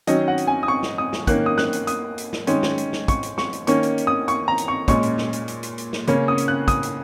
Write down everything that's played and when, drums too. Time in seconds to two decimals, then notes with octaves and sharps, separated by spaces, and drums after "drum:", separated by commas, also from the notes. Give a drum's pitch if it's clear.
0.07 D#3 F#3 C#4 D#5, drum: hi-hat
0.28 F#5
0.38 drum: hi-hat
0.47 G#5
0.63 D#6
0.68 C#6
0.83 drum: snare
0.98 D#6
1.13 drum: snare
1.27 D#3 A#3 C#4 F#6, drum: kick, hi-hat
1.46 D#6
1.58 F#6, drum: snare
1.73 drum: hi-hat
1.87 D#6, drum: hi-hat
2.18 drum: hi-hat
2.33 drum: snare
2.47 D#3 G#3 C#4, drum: hi-hat
2.63 drum: snare
2.78 drum: hi-hat
2.93 drum: snare
3.08 C#6, drum: kick, hi-hat
3.23 drum: hi-hat
3.38 C#6, drum: snare
3.53 drum: hi-hat
3.67 D#3 A#3 C#4 C#6, drum: hi-hat
3.83 drum: hi-hat
3.98 drum: hi-hat
4.07 D#6
4.28 C#6, drum: hi-hat
4.48 A#5
4.58 drum: hi-hat
4.68 C#6
4.88 A#2 G#3 C#4 C#6, drum: kick, hi-hat
5.03 drum: hi-hat
5.18 drum: snare
5.33 drum: hi-hat
5.48 drum: hi-hat
5.63 drum: hi-hat
5.78 drum: hi-hat
5.93 drum: snare
6.07 C#3 A#3 C#4, drum: hi-hat
6.28 D#6
6.38 drum: hi-hat
6.48 F#6
6.68 D#6, drum: kick, hi-hat
6.83 drum: hi-hat